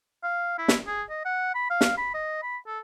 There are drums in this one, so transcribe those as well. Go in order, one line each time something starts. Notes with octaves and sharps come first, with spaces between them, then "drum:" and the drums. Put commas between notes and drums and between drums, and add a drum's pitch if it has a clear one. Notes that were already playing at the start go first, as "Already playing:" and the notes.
F5
E4
drum: snare
G#4
D#5
F#5
B5
F5
drum: snare
B5
D#5
B5
A4